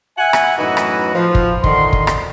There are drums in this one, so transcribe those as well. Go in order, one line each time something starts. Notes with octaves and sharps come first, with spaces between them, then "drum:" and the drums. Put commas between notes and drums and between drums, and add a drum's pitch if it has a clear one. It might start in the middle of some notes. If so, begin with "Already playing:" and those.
E5 F#5 G#5
drum: rim click
F#2 A2 E3 D#4 F#4 B4
drum: rim click
F3
drum: kick
D3 D#3 C6, drum: kick
drum: kick
drum: rim click